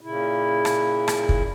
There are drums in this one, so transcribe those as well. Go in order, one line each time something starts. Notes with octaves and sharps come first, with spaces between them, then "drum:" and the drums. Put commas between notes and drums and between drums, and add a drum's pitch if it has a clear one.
A#2 C#3 E4
drum: rim click
drum: rim click
drum: kick